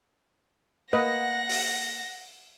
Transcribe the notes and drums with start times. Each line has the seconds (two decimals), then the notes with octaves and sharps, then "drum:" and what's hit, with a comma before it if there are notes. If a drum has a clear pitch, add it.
0.93 A#3 B4 D#5 F#5 A#6
1.49 drum: open hi-hat